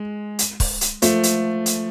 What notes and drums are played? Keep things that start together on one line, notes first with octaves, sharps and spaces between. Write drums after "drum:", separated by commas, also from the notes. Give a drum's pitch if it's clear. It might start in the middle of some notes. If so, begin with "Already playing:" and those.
Already playing: G#3
drum: hi-hat
drum: kick, open hi-hat
drum: hi-hat
F3 A3, drum: hi-hat
drum: hi-hat
drum: hi-hat